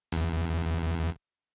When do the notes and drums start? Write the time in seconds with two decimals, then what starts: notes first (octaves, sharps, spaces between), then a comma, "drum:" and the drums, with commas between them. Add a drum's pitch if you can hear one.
0.12 E2, drum: open hi-hat